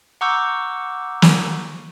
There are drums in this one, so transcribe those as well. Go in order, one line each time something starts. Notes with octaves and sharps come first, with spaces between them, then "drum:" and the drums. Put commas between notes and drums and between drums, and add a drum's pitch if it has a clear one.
F#5 A#5 C#6 D6 E6 G6
drum: snare